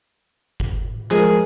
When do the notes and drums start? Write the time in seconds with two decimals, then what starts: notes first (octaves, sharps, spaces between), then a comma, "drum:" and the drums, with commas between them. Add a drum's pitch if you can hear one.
0.60 drum: kick G1
1.11 F3 G#3 G#4 A#4, drum: clap